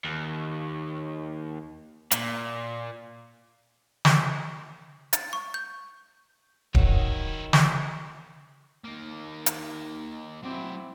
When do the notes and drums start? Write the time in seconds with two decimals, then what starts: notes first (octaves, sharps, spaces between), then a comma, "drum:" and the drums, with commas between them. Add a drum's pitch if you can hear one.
0.04 D#2
2.11 A#2, drum: hi-hat
4.05 drum: snare
5.13 A6, drum: hi-hat
5.33 C#6
5.54 G6
6.75 D#3 F#3 D#4 E4, drum: kick D1
7.53 drum: snare
8.84 A#3 D#4
9.46 drum: hi-hat
10.43 F#3 C4 E4 D5